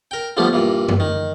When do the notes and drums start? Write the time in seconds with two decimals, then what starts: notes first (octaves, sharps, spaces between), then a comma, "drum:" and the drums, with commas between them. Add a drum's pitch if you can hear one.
0.11 A#4 G5
0.37 D3 F3 G3 A3 B3
0.53 G2 A#2 E3
0.89 drum: tom F#2
1.00 D#3